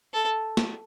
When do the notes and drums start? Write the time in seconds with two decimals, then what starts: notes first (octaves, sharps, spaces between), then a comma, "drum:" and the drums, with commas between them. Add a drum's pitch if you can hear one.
0.14 A4
0.57 drum: snare